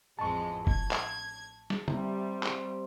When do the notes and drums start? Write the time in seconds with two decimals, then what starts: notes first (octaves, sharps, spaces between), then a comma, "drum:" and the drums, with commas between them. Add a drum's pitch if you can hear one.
0.19 A1 F2 G#3 A5 C#6
0.67 G#6, drum: kick
0.91 drum: clap
1.70 drum: snare
1.88 C3 G3 C4, drum: tom
2.43 drum: clap